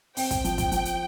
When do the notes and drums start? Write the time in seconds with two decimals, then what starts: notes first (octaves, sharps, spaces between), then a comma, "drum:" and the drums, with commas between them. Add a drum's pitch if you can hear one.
0.17 C4 G5, drum: open hi-hat
0.31 drum: kick, hi-hat
0.45 F3, drum: hi-hat
0.58 drum: kick, hi-hat
0.72 F3, drum: hi-hat
0.85 drum: hi-hat